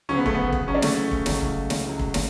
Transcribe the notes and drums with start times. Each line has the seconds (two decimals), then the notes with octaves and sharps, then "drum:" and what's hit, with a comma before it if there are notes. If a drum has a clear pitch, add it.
0.09 D2 C#3 F#3 C#4
0.17 B3
0.26 A3, drum: kick
0.35 B3
0.53 drum: kick
0.67 D2 C#3 F#3 C#4
0.74 D4
0.82 A3 C#4, drum: snare
1.11 drum: kick
1.26 C#2 C#3 F#3, drum: snare
1.41 drum: kick
1.70 drum: snare
1.85 C#2 C#3 F#3
1.99 drum: kick
2.14 drum: snare